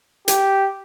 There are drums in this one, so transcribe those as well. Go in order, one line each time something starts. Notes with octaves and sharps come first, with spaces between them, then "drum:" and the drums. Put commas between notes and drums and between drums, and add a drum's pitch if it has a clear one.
G4, drum: hi-hat